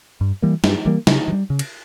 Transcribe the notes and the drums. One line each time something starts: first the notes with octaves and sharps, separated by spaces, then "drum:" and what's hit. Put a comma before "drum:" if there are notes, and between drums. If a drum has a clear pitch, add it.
G2
E3 G3 A#3
G2, drum: snare
E3 G3 A#3
C#3, drum: snare
E3
G3
C#3
drum: cymbal